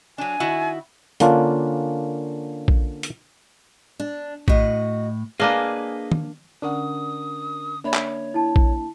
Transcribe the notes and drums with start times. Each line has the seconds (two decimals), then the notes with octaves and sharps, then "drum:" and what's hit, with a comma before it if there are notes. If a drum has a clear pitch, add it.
0.18 F#3 D4 G#5
0.40 D#3 E4 F#4
1.20 D3 A#3 C#4 D4 F4, drum: hi-hat
2.68 drum: kick A#1
3.03 drum: hi-hat
4.00 D4
4.48 A2 F#4 D#5, drum: kick A#1
5.40 A#3 D4 G#4 B4 D#5 F5 G#5
6.12 drum: tom
6.62 D3 C#4 D4 A#4 F#5 D#6
7.84 A#3 D4 C#5 E5 B5
7.94 drum: clap
8.34 E4 A5
8.56 drum: kick A#1